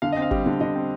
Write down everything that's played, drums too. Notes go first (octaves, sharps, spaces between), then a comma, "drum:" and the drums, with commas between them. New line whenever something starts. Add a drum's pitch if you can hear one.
D3 F5
D#5
C4
F5
G3, drum: kick G#1
D3
D3 D#5
C4